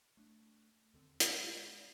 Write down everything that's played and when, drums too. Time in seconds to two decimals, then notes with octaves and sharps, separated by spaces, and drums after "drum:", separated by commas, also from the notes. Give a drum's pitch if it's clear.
0.17 A3 D4
0.94 D#2 D3 C4
1.20 G#3, drum: hi-hat